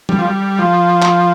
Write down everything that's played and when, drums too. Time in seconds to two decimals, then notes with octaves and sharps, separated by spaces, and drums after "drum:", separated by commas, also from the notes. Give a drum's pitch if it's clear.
0.09 G3, drum: tom E3
0.18 F3
0.25 G3
0.59 F3
1.02 drum: clap